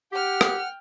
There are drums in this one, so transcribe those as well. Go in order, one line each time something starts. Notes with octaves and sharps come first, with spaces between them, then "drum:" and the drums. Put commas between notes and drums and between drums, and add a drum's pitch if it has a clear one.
G4 F#5 G5 F6
drum: rim click